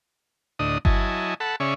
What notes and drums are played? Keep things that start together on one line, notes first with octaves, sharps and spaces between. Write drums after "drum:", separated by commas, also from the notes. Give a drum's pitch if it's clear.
D2 A2 D4 D#5 D#6
F#3 E4 D#5 G#5 A5, drum: kick G1
A4 F#5 A5 B5
C#3 C#4 G#4 D5 E5 C#6